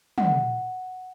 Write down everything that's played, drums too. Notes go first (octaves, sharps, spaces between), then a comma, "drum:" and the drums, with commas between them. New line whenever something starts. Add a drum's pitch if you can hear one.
F#5, drum: tom